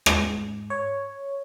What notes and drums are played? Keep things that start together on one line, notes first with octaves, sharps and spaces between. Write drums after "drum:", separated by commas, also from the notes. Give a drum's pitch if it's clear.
G#2, drum: rim click
C#5